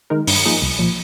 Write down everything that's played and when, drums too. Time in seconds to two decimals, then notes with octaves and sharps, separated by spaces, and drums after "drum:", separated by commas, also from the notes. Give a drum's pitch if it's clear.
0.10 D#3 G#3 D#4 A#4
0.27 G2, drum: open hi-hat
0.45 F3 A#3 D#4 G#4
0.62 C2
0.79 A#2 F3